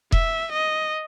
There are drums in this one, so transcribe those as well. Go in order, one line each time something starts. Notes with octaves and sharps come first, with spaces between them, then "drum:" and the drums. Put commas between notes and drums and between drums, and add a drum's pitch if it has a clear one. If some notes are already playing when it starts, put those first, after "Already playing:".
E5, drum: kick E1
D#5